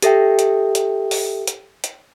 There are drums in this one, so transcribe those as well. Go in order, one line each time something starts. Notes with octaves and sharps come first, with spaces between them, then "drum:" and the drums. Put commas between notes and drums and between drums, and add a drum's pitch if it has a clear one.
G4 A4 E5 G5, drum: hi-hat
drum: hi-hat
drum: hi-hat
drum: open hi-hat
drum: hi-hat
drum: hi-hat